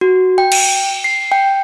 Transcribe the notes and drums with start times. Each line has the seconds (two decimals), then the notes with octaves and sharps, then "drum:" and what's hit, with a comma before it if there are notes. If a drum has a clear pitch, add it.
0.01 F#4
0.38 G5
0.52 drum: cymbal
1.04 C7
1.32 G5